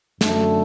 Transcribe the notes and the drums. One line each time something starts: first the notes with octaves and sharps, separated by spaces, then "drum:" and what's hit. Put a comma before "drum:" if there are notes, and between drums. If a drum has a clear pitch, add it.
F#2 D3 A3, drum: snare